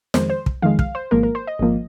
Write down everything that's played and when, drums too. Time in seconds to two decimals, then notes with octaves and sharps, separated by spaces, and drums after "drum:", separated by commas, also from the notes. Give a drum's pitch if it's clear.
0.14 F2 D#3 G#3 C5, drum: snare
0.30 C5
0.46 drum: kick
0.62 F2 D#3 G#3 F5
0.79 F5, drum: kick
0.95 C5
1.11 G#1 G#2 F3 A#3 A#4
1.23 A#4
1.35 C5
1.47 D#5
1.59 G#1 G#2 F3 A#3